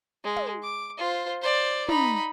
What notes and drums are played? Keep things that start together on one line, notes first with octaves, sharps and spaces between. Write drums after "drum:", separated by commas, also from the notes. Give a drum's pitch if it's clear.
G#3
drum: tom
D6
F4 C5
C5 D5
D#4 B5, drum: tom